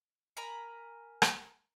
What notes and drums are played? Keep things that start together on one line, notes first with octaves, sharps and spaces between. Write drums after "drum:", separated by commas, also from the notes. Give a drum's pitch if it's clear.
A#4 G#5 A#5 B5
drum: rim click